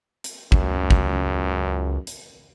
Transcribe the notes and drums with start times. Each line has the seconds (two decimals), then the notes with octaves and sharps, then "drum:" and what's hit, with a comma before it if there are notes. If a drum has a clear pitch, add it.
0.24 drum: hi-hat
0.52 C#2 F#2, drum: kick
0.90 drum: kick
2.07 drum: hi-hat